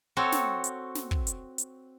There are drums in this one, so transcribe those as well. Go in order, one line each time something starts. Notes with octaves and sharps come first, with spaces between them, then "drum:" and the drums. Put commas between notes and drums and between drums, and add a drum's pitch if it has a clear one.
C4 F#4 A4 C#5
drum: snare
drum: hi-hat
drum: snare
drum: kick
drum: hi-hat
drum: hi-hat